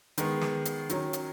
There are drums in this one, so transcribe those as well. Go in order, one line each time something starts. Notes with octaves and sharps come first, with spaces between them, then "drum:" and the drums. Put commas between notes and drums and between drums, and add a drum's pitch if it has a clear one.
D#3 G#3 B3, drum: hi-hat
drum: snare
drum: hi-hat
D#3 F#3 C#4, drum: hi-hat
drum: hi-hat